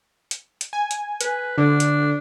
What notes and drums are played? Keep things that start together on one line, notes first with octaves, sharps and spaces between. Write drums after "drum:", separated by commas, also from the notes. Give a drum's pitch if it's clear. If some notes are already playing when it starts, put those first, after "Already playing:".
drum: hi-hat
drum: hi-hat
G#5
drum: hi-hat
B4, drum: hi-hat
D3 D4
drum: hi-hat